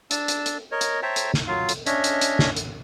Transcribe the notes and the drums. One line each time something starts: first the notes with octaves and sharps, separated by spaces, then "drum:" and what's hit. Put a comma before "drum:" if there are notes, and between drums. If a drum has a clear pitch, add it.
D4 A5 E6, drum: hi-hat
drum: hi-hat
drum: hi-hat
A#4 C#5 D#5
drum: hi-hat
C5 C#5 E5 G5 A5 A#5
drum: hi-hat
drum: snare
F#3 F4 F5
drum: hi-hat
C#4 D4 C#5 D#5 E5, drum: hi-hat
drum: hi-hat
drum: hi-hat
drum: snare
drum: hi-hat